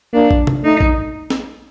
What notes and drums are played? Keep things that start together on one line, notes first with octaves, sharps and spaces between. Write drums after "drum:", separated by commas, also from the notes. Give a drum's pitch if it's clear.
A#3 D4
drum: kick
drum: tom C3
A3 D#4
drum: kick
drum: snare